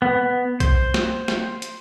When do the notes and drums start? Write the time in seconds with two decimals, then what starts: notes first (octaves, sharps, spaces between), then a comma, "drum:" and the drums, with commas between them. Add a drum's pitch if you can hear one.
0.02 B3
0.60 C5, drum: kick B1, hi-hat
0.94 drum: snare
1.28 drum: snare
1.62 drum: hi-hat